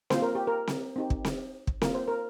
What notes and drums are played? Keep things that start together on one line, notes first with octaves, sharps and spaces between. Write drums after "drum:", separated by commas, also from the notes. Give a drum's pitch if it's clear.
A#3 F4 C5, drum: snare C4
A#4
G4
A#4
drum: snare C4
C4 D#4 G4
drum: kick
drum: snare C4
drum: kick
A#3 F4 A#4, drum: snare C4
C5
A#4